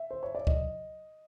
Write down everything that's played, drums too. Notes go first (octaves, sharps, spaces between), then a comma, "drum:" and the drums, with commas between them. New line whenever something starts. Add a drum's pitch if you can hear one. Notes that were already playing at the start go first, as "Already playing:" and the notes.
Already playing: E5
C5
C#5
D5
D#5, drum: kick C#2